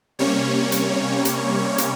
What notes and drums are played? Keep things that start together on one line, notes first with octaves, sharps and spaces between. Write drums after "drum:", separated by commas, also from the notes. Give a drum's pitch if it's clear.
C3 G3 A#3 C#4 C#5
drum: hi-hat
drum: hi-hat
drum: hi-hat